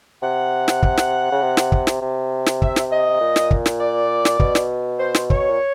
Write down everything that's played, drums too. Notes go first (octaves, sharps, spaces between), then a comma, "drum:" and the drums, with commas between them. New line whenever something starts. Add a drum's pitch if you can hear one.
C3 F#5
drum: snare
drum: kick
drum: snare
C#3
C3
drum: snare
drum: kick
drum: snare
C3
drum: snare
E5, drum: kick
drum: snare
D#5
A#2
drum: snare
drum: kick
drum: snare
D5
drum: snare
B2, drum: kick
drum: snare
C5
drum: snare
C#5, drum: kick
A#2